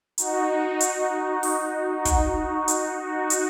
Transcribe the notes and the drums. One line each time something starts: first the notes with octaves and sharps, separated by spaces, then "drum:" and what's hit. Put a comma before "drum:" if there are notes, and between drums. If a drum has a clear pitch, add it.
D#4 F#4, drum: hi-hat
drum: hi-hat
drum: open hi-hat
drum: kick, hi-hat
drum: hi-hat
D#4 F#4
drum: hi-hat